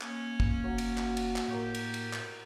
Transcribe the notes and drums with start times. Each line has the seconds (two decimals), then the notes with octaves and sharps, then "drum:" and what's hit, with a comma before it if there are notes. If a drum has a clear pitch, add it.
0.01 A#3 C#4, drum: clap
0.40 drum: kick
0.64 F#1 F#3 C#5
0.78 drum: cymbal
0.98 drum: clap
1.17 drum: cymbal
1.36 drum: clap
1.48 A2 G4 A#4 C#5 F5
1.75 drum: cymbal
1.94 drum: cymbal
2.13 drum: clap